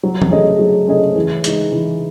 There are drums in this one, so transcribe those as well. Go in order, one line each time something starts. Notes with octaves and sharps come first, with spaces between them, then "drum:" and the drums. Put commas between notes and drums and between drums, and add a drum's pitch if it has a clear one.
F#3
drum: tom E3
A3 C#4 G#4 D#5
F#3
A3 C#4 G#4 D#5
E3
G#3 D#4, drum: hi-hat
E3